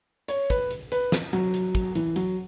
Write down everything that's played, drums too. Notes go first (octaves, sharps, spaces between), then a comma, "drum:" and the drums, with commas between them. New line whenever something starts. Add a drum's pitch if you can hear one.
C#5, drum: hi-hat
B4, drum: kick, hi-hat
drum: hi-hat
B4, drum: hi-hat
drum: snare
F#3, drum: hi-hat
drum: hi-hat
drum: kick, hi-hat
E3, drum: hi-hat
F#3, drum: hi-hat